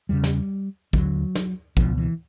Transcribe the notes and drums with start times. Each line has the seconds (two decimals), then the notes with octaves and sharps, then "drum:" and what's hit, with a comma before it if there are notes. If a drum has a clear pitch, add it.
0.09 E2 C#3 G3
0.24 drum: snare
0.93 D#2 D3 F#3, drum: kick
1.35 drum: snare
1.77 C#2 B2 F3, drum: kick
1.98 E3